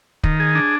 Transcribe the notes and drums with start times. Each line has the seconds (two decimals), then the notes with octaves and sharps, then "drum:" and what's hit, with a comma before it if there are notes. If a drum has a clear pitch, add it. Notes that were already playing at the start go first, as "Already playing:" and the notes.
0.24 D#3, drum: kick
0.40 G#4
0.55 D4